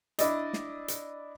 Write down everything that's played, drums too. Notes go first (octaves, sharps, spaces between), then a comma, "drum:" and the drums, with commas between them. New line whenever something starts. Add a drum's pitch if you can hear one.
D4 E4 D5 D#5, drum: hi-hat
drum: snare
drum: hi-hat